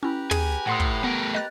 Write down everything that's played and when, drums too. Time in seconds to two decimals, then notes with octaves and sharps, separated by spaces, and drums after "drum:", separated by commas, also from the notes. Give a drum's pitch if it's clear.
0.03 C#4 E4 G4 B4 A#5
0.31 G#4 G#5, drum: tom
0.67 A2 F#5 C6 D#6
0.80 drum: kick
1.04 A3 B3 A#4
1.34 D#5 F#6 A6